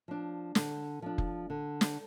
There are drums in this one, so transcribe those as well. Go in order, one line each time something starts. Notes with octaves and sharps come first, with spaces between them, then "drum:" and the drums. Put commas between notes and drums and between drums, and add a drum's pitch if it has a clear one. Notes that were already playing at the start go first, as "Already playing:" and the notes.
F3 D4
D3, drum: snare
F3 D4
drum: kick F1
D3
drum: snare